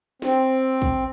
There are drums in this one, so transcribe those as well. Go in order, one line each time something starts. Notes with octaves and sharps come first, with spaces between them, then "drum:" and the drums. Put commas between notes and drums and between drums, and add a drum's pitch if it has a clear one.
C4, drum: snare
drum: kick